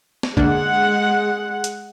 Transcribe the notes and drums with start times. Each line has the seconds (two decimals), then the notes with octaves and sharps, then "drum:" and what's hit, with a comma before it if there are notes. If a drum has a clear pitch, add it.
0.23 drum: snare
0.37 D3 G#3 A#3 D4 F#5, drum: kick
1.64 drum: hi-hat